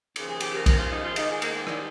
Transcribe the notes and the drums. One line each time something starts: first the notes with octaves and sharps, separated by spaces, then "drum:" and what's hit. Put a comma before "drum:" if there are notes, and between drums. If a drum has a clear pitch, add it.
D#2 C#3 F3, drum: cymbal
G#4
G4, drum: cymbal
A#4
A#4, drum: kick, cymbal
F4
D#4
F4
G#2 D#3 D#4, drum: cymbal
G#3
A#3, drum: cymbal
G#3
A#3
G3, drum: rim click